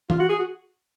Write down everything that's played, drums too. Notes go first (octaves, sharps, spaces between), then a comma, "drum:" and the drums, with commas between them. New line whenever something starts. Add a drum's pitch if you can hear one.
F4, drum: tom
F#4
G#4
F#4